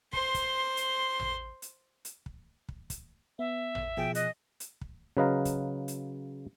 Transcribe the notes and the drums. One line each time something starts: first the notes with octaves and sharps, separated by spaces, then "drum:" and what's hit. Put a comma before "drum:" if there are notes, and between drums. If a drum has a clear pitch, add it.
C5 C6, drum: kick
drum: kick, hi-hat
drum: hi-hat
drum: tom A1
drum: hi-hat
drum: hi-hat
drum: kick
drum: kick
drum: kick, hi-hat
B3 E5
drum: tom A1
B2 F3 G#4 G5
D#5 F#6, drum: hi-hat
drum: hi-hat
drum: kick
C#3 F#3 B4 D#5 F5 A#5
drum: kick, hi-hat
drum: hi-hat